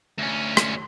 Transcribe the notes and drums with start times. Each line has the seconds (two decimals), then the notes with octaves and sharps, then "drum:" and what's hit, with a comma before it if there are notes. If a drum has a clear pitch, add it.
0.18 D2 C#4
0.57 drum: rim click